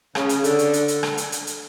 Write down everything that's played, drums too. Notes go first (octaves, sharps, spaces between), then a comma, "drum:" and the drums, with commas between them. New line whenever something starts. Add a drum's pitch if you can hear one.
C#3, drum: rim click
drum: hi-hat
D3, drum: hi-hat
drum: hi-hat
drum: hi-hat
drum: hi-hat
drum: rim click
drum: hi-hat
drum: hi-hat
drum: hi-hat